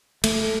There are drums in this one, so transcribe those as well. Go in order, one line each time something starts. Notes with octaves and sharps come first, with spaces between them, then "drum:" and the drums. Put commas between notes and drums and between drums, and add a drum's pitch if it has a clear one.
A3, drum: cymbal